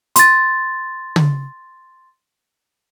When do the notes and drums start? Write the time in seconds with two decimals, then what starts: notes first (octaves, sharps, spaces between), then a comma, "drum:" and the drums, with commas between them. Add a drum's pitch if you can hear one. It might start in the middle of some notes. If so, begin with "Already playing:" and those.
0.16 C6 A6, drum: hi-hat
1.16 drum: tom